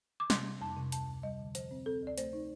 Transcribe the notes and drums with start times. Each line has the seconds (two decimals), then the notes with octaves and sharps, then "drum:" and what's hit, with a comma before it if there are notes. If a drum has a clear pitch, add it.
0.20 D6
0.30 C3 C6, drum: snare
0.45 G3
0.61 F2 A5
0.77 C3
0.92 D2 A5, drum: hi-hat
1.08 D2
1.23 G3 D#5
1.39 D3
1.55 F3 C5, drum: hi-hat
1.71 C4
1.86 C4 A4
2.02 D2
2.07 D5
2.18 A3 C5, drum: hi-hat
2.33 D#4